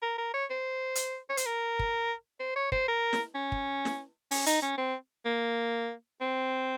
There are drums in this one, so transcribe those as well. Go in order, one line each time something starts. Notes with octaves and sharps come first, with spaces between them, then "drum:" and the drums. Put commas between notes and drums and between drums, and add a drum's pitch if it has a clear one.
A#4
A#4
C#5
C5
drum: hi-hat
C#5
C5, drum: hi-hat
A#4
drum: kick
C5
C#5
C5, drum: kick
A#4
drum: snare
C#4
drum: kick
drum: snare
C#4, drum: open hi-hat
D#4, drum: hi-hat
C#4
C4
A#3
C4